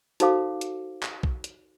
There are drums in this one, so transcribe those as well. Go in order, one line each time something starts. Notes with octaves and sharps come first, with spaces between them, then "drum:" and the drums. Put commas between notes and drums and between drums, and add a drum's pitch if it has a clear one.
D#4 F#4 A4 C5 F5 D6, drum: hi-hat
drum: hi-hat
drum: clap
drum: kick B1
drum: hi-hat